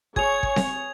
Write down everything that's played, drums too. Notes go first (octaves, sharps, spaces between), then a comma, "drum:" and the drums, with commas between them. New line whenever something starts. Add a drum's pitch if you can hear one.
G#4 C#5 G#6 F7, drum: kick
drum: kick
drum: snare C4